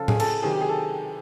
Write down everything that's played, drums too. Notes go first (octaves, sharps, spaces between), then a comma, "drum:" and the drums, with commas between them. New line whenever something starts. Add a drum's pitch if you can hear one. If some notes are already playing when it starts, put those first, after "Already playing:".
Already playing: C#3 F3 F4 A4
G#4, drum: tom A2
A4, drum: cymbal
C3 D#3 F#3 G#4
G4
G#4
A4